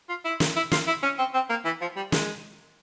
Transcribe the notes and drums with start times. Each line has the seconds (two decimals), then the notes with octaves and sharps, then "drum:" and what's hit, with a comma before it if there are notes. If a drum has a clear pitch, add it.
0.09 F4
0.25 E4
0.40 drum: snare
0.56 E4
0.72 F4, drum: snare
0.87 E4
1.03 C#4
1.18 C4
1.34 C4
1.49 A#3
1.65 E3
1.81 F3
1.96 G3
2.12 G#3, drum: snare